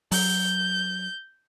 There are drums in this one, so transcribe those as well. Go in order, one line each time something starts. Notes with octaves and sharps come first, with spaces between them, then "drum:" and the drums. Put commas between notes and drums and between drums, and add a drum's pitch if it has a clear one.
F#3 G6, drum: open hi-hat